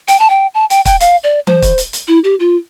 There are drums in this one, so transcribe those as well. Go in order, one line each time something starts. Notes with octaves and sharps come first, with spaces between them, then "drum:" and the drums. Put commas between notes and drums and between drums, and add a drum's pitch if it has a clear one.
G5, drum: hi-hat
A5
G5
A5
G5, drum: hi-hat
G5, drum: kick, hi-hat
F5, drum: hi-hat
D5
C5, drum: tom E3
drum: kick, hi-hat
drum: hi-hat
drum: hi-hat
E4
G4
F4